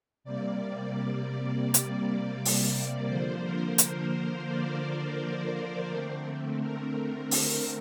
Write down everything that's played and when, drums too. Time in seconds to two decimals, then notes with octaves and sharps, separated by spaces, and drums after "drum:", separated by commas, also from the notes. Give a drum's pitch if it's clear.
0.24 C3 G3 A#3 D5
1.74 drum: hi-hat
2.45 drum: open hi-hat
3.07 D3 F3 A#3 C5
3.42 A#4
3.78 A#4, drum: hi-hat
4.48 D5
4.84 C5
5.89 D3 A3 C4
6.60 A#4
7.31 A#4, drum: open hi-hat